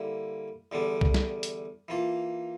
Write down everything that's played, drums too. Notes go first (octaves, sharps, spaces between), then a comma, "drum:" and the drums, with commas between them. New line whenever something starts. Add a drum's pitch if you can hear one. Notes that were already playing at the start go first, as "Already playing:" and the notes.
Already playing: D3 G3 A#3 E4
E2 D3 G3 D4
drum: kick C2
drum: snare
drum: hi-hat
E3 A#3 F4